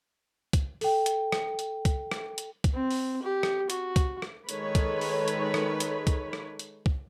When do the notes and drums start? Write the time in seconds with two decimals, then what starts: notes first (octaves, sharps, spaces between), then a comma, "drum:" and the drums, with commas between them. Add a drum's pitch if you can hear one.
0.53 drum: kick C2, hi-hat
0.81 A4 G5, drum: open hi-hat
1.06 drum: hi-hat
1.32 drum: rim click
1.59 drum: hi-hat
1.85 drum: kick C2, hi-hat
2.11 drum: rim click
2.38 drum: hi-hat
2.64 drum: kick C2, hi-hat
2.73 C4
2.91 drum: open hi-hat
3.22 G4
3.43 drum: rim click
3.70 F#4, drum: hi-hat
3.96 drum: kick C2, hi-hat
4.22 drum: rim click
4.49 D#3 G#3 A4 B4 C#5 B5, drum: hi-hat
4.75 drum: kick C2, hi-hat
5.01 drum: open hi-hat
5.28 drum: hi-hat
5.54 drum: rim click
5.80 drum: hi-hat
6.07 drum: kick C2, hi-hat
6.33 drum: rim click
6.59 drum: hi-hat
6.86 drum: kick C2